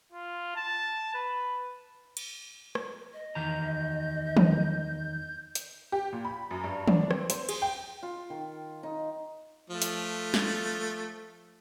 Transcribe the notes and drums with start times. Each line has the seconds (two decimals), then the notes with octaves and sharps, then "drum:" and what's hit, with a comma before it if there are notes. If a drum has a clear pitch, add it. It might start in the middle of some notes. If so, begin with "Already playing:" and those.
0.12 F4
0.56 A5
1.14 B4
2.17 drum: cymbal
2.75 drum: rim click
3.14 D#5
3.35 E2 D#3 A#5 G6
4.37 drum: tom
5.55 drum: hi-hat
5.92 G4
6.13 A#2
6.25 B5
6.51 F#2
6.64 G2
6.88 D4, drum: tom
7.11 C4, drum: rim click
7.30 C5, drum: hi-hat
7.49 G#4, drum: cymbal
7.62 G5
8.03 F4
8.30 D#3
8.83 D#4
9.70 F3 A3
9.82 drum: hi-hat
10.34 drum: snare